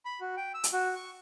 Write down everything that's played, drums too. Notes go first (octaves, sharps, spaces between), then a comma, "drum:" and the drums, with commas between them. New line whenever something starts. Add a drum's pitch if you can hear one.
B5
F#4
G5
E6
drum: hi-hat
F#4
C#6